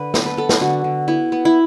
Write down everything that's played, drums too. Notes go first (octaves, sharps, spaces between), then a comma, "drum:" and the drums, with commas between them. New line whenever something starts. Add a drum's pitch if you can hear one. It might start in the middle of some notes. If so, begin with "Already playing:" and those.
Already playing: D3 B4
B3 A4, drum: snare
B4
B3 A4
drum: snare
D3 F#4
D3
B3 E4
B3
E4